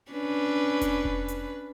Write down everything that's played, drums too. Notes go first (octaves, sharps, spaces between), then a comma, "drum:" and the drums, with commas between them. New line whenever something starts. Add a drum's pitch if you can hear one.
C#4 D4 B4
drum: kick F1, hi-hat
drum: kick F1
drum: hi-hat